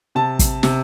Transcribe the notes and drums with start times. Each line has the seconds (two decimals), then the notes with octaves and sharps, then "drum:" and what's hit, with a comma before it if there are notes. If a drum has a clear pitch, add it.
0.15 C3 A5
0.39 drum: kick, hi-hat
0.63 C3, drum: snare